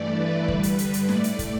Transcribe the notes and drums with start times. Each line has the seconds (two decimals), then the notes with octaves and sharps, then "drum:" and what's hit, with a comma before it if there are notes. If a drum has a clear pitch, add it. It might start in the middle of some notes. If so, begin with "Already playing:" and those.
Already playing: G2 E3 A3 D5
0.17 B4
0.48 G2 D3 G3, drum: kick
0.63 drum: hi-hat
0.78 drum: hi-hat
0.94 drum: hi-hat
1.09 A2 A3 D5, drum: snare
1.24 drum: hi-hat
1.39 drum: kick, hi-hat